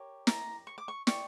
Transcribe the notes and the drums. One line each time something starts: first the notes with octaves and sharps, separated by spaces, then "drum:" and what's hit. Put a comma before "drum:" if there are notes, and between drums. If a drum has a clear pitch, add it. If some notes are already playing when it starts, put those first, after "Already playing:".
Already playing: G4 A#4 C#5
A#5, drum: snare
C#6
D6
C#6
G4 D5 C#6, drum: snare